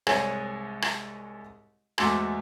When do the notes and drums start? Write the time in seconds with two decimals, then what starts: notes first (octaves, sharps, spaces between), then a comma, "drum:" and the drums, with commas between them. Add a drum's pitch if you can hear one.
0.07 C2 G#2 G#3 C#5 G#5, drum: rim click
0.82 drum: rim click
1.98 E2 G#2 A3 F#4 C6 D6, drum: rim click